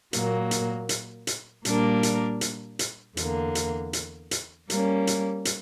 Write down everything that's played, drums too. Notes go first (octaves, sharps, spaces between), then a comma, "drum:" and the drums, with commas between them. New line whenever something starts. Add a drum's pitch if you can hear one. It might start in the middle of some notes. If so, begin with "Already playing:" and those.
A#2 F#3 A#3, drum: hi-hat
drum: hi-hat
drum: hi-hat
drum: hi-hat
A#2 G3 A#3 D4 A#4, drum: hi-hat
drum: hi-hat
drum: hi-hat
drum: hi-hat
E2 D3 A#3, drum: hi-hat
drum: hi-hat
drum: hi-hat
drum: hi-hat
G3 A#3 C#4, drum: hi-hat
drum: hi-hat
drum: hi-hat